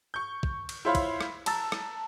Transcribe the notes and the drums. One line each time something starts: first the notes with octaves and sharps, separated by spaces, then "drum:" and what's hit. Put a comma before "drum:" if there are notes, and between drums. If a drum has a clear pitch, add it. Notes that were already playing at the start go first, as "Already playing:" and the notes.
C#6 G6
drum: kick
drum: cymbal
E4 F4 C5 C#5 F5 B5
drum: kick, cymbal
drum: rim click
A5 A#5 E6 A6, drum: cymbal
drum: rim click